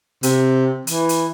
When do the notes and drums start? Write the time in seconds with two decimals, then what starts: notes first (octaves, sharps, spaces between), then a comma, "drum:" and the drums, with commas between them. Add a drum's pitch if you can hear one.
0.23 C3, drum: hi-hat
0.87 E3, drum: hi-hat
1.09 drum: hi-hat